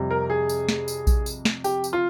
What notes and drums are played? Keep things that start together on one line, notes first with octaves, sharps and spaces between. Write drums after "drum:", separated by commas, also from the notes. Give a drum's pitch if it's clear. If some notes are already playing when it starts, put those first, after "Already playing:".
Already playing: F2 C3 G3
A#4
G#4
drum: tambourine
drum: snare
drum: tambourine
drum: kick A#1, tambourine
drum: tambourine
drum: snare
G4, drum: tambourine
drum: tambourine
F4